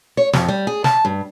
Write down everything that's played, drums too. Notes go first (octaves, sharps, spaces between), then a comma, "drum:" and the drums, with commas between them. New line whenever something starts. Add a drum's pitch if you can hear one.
C#5
F2, drum: snare
G3
G#4
A5, drum: snare
G2